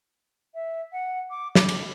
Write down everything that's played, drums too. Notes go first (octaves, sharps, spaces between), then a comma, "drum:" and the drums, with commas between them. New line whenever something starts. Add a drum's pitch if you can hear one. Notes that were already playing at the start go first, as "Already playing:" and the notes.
E5
F#5
D6
D6, drum: snare
drum: cymbal